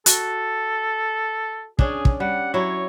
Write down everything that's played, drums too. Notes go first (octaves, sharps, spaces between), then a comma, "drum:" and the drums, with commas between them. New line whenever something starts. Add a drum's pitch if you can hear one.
F#4 A4, drum: hi-hat
C#4 D4 G#4, drum: kick
drum: kick
G3 F#5
F#3 E4 C#5